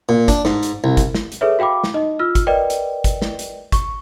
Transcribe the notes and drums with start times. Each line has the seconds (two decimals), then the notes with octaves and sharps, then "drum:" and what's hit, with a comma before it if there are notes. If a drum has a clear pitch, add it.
0.09 A#2
0.28 D4, drum: kick G1, hi-hat
0.45 G#2, drum: snare
0.63 drum: hi-hat
0.84 C2
0.97 drum: kick G1, hi-hat
1.14 drum: snare
1.32 drum: hi-hat
1.41 G#4 A4 B4 C#5 E5
1.59 F#4 F5 G5 B5 D6
1.84 drum: snare
1.94 D#4 D#5
2.19 F4 E6 F6
2.35 drum: kick G1, hi-hat
2.47 A#4 B4 D5 D#5 G5
2.70 drum: hi-hat
3.04 drum: kick G1, hi-hat
3.22 drum: snare
3.39 drum: hi-hat
3.72 C#6, drum: kick G1, hi-hat